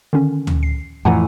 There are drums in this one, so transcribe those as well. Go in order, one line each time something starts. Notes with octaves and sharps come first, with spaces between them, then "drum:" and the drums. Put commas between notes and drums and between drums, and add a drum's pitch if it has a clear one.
D3 D#3 C#4
drum: tom D2
C7
F2 A2 E3 F#5 G#5 A#5